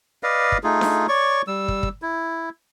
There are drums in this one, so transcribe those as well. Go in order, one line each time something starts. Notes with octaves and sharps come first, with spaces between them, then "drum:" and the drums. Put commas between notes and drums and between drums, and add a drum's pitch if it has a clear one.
B4 D5 D#5 F5
drum: kick
A3 D#4 F4 G#4
drum: snare D4
C#5 D5 C#6
G3 E6
drum: kick
drum: kick
E4